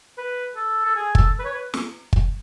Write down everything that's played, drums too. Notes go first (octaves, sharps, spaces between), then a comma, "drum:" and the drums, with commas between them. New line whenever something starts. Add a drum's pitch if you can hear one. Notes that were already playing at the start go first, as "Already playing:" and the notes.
B4
A4
A4
G#4
A4, drum: kick
B4
C#5
B4
drum: snare
drum: kick